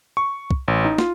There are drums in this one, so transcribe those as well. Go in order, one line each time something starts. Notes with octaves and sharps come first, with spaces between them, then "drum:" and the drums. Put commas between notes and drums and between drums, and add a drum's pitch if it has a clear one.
C#6
drum: kick
A1
D#4
F4, drum: snare